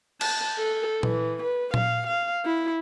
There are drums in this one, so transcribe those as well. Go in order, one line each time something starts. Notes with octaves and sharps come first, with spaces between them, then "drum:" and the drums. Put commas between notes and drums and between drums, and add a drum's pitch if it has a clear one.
A5, drum: cymbal
A4
E3, drum: tom A#2
B4
F5, drum: tom A#2
F5
E4